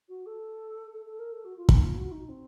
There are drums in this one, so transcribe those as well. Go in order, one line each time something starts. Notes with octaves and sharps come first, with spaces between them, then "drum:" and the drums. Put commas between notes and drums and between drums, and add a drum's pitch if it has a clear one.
F#4
A4
A4
A4
A#4
A4
F#4
F4
D#4, drum: kick
F4
F#4
D#4
C4